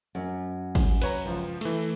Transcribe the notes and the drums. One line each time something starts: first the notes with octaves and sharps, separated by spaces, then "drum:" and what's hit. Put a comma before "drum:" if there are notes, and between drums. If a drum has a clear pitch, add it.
F#2
drum: kick G#1, cymbal
B4 C#5 A#5, drum: cymbal
C#2 F3
E3 A3, drum: cymbal